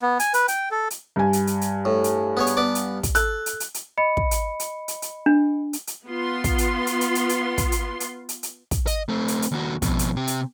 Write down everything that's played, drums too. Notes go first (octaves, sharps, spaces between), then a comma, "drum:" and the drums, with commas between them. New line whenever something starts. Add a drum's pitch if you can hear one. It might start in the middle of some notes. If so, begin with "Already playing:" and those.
B3
G#5, drum: hi-hat
B4, drum: hi-hat
G5, drum: hi-hat
A4
drum: hi-hat
G2 G#5
drum: hi-hat
drum: hi-hat
drum: hi-hat
A2
drum: hi-hat
B3 G#4 C#5
drum: hi-hat
B3 D5 D6
drum: hi-hat
drum: kick, hi-hat
A4 F#6, drum: hi-hat
drum: hi-hat
drum: hi-hat
drum: hi-hat
D#5 B5 C#7
drum: kick
drum: hi-hat
drum: hi-hat
drum: hi-hat
drum: hi-hat
D4
drum: hi-hat
drum: hi-hat
B3 F4 C6
drum: kick, hi-hat
drum: hi-hat
drum: hi-hat
drum: hi-hat
drum: hi-hat
drum: hi-hat
drum: kick, hi-hat
drum: hi-hat
drum: hi-hat
drum: hi-hat
drum: hi-hat
drum: kick, hi-hat
D#5, drum: hi-hat
A3 C4
drum: hi-hat
drum: hi-hat
D#2 F#4
F2 B2, drum: kick, hi-hat
drum: hi-hat
C3 G4
drum: hi-hat